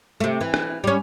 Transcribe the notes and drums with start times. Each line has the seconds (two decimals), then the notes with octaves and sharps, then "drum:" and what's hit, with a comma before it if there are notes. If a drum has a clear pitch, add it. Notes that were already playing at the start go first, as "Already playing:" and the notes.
0.20 C3 A3
0.41 E3
0.54 drum: rim click
0.84 G3 C#4